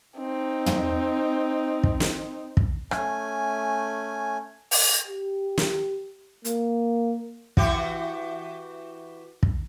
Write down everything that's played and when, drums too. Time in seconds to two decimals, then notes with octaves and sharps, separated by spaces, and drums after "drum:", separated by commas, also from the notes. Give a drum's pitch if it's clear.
0.18 C4 D#4
0.66 drum: tom
1.83 drum: kick
2.00 drum: snare
2.57 drum: kick
2.91 A3 C#4 G#5, drum: rim click
4.71 drum: open hi-hat
5.08 G4
5.58 drum: snare
6.45 A#3, drum: hi-hat
7.57 E3 F#4 G4, drum: kick
9.43 drum: kick